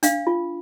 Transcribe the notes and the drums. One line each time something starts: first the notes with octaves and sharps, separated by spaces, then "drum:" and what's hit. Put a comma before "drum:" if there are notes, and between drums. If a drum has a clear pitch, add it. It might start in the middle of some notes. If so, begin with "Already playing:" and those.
D4 F5, drum: hi-hat
F4